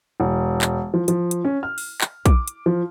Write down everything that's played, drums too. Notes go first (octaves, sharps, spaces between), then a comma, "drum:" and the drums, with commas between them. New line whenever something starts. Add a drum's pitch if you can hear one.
E1
drum: clap
F3
F3, drum: hi-hat
drum: hi-hat
C#4
F6
drum: open hi-hat
drum: clap
D6, drum: kick A#1, hi-hat
drum: hi-hat
F3